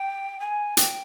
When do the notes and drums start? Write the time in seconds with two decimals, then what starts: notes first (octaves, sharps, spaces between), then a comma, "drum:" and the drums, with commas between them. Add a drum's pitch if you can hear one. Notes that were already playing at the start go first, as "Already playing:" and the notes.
Already playing: G5
0.40 G#5
0.77 G5, drum: hi-hat